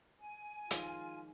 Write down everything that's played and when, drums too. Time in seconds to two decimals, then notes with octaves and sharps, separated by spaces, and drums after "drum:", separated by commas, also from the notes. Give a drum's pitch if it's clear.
0.20 G#5
0.71 D#3 F3 G#3 F4, drum: hi-hat